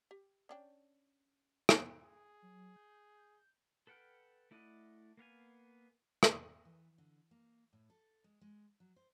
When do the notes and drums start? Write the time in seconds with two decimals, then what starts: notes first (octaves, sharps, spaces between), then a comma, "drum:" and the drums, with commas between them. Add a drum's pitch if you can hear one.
0.11 G4
0.49 C#4 D4 G5
1.69 drum: rim click
2.03 G#4
2.42 F#3
2.76 G6
3.87 A4 B4 F#5 G5 F6
4.51 A3 E4 D5 D#5 F#5
5.17 A#3 B3 F5 G#5
6.23 drum: rim click
6.46 B3
6.65 E3
6.98 D3
7.31 A#3
7.73 A2
7.90 A4
8.24 G#3
8.41 G#3
8.80 F#3
8.96 C5